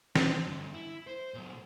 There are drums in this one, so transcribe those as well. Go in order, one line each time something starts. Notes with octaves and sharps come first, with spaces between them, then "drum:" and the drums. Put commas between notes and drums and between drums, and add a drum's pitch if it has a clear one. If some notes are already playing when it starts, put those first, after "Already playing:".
C4, drum: snare
G2 D3
E4
C5
A#2 F#3